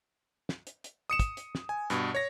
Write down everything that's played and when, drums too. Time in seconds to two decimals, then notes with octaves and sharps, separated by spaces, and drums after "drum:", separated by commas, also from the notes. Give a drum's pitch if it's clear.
0.49 drum: snare
0.67 drum: hi-hat
0.84 drum: hi-hat
1.10 D#6 C#7 E7
1.20 drum: kick, hi-hat
1.37 drum: hi-hat
1.55 drum: snare
1.69 G#5
1.90 G2 B2, drum: hi-hat
2.15 C#5 A#6